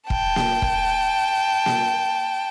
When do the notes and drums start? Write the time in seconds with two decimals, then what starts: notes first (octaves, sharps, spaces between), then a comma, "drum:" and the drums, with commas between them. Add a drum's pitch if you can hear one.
0.10 G5 A5, drum: kick E1
0.36 drum: snare A#3
0.62 drum: kick E1
1.66 drum: snare A#3